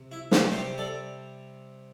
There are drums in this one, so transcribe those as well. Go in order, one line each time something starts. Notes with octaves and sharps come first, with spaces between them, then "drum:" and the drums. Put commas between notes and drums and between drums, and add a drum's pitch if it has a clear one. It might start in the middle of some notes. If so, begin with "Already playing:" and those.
Already playing: C3
E4
D4 G4, drum: snare
C3 G3 C4 G4 C5
A4 D5